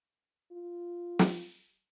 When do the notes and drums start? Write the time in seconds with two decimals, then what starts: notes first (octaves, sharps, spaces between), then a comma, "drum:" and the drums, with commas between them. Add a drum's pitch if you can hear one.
0.52 F4
1.19 drum: snare